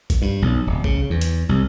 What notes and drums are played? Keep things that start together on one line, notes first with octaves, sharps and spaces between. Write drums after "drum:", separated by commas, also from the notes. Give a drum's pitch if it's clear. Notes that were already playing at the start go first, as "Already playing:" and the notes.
drum: kick, hi-hat
G2
B1
D1
C#3, drum: kick
E2
drum: hi-hat
C2